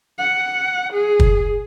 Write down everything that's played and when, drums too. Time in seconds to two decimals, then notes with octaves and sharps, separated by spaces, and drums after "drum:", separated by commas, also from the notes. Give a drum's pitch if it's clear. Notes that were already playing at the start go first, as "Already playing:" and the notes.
0.18 F#5
0.93 G#4
1.20 drum: kick